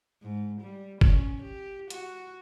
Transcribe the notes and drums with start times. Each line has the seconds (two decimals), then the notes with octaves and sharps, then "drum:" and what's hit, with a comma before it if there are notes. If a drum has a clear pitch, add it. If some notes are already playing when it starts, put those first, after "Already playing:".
0.23 G#2
0.61 G3
1.01 C#4, drum: kick
1.42 G4
1.90 F#4, drum: hi-hat